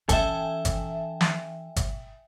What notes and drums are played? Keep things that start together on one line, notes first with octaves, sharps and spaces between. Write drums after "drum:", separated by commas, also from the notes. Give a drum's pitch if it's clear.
E3 C#4 A4 E5 G5 G#5, drum: kick G1, hi-hat
drum: kick G1, hi-hat
drum: snare
drum: kick G1, hi-hat